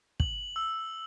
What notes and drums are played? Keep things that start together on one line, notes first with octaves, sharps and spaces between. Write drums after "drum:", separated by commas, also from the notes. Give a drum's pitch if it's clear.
F#7, drum: kick
E6